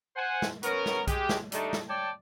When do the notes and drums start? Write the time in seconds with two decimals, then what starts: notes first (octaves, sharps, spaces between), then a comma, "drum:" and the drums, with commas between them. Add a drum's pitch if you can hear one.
0.16 C5 F#5 G#5
0.42 drum: snare
0.63 B3 C#4 F#4 A#4, drum: hi-hat
0.86 drum: snare
1.07 G#3 G4, drum: kick B1, hi-hat
1.29 drum: snare
1.52 G3 A3 D4 D#4, drum: hi-hat
1.73 drum: snare
1.89 C#5 D5 G5 A5